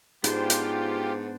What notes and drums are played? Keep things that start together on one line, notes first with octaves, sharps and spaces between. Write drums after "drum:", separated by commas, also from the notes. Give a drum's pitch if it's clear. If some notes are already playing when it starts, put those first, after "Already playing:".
G#2 B3 D4 F4 G4 C5, drum: hi-hat
drum: hi-hat